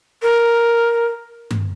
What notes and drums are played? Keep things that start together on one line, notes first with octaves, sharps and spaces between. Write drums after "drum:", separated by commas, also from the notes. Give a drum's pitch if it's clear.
A#4
drum: tom G2